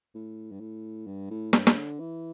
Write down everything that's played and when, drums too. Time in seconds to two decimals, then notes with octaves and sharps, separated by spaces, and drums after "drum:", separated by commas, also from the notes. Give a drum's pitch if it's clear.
0.15 A2
0.51 G2
0.60 A2
1.07 G2
1.30 A2
1.53 G2, drum: snare
1.67 drum: snare
1.76 D3
1.99 E3